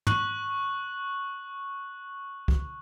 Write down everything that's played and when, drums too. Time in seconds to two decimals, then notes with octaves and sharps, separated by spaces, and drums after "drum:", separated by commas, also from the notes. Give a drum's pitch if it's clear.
0.07 C#6 F#6 F#7, drum: tom
2.48 drum: kick